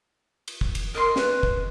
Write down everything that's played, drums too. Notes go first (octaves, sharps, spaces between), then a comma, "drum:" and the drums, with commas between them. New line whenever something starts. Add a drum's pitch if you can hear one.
drum: cymbal
drum: kick
drum: cymbal
A#4 D#5 C6
B4, drum: snare
drum: kick